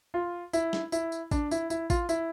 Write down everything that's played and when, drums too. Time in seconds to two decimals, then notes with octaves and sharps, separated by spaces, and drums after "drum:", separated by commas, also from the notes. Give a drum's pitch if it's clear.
0.14 F4
0.53 E4, drum: tambourine
0.73 drum: snare
0.92 E4, drum: tambourine
1.12 drum: tambourine
1.31 D4, drum: kick A1, tambourine
1.51 E4, drum: tambourine
1.70 E4, drum: tambourine
1.90 F4, drum: kick A1, tambourine
2.09 E4, drum: tambourine